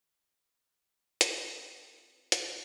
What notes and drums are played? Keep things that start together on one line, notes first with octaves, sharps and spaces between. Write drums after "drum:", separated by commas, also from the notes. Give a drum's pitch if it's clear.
C4 F4 G5 A5, drum: hi-hat
drum: hi-hat